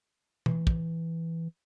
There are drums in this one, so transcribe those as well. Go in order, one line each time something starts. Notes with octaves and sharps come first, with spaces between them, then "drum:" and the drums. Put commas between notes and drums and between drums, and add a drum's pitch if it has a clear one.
E3, drum: tom
drum: kick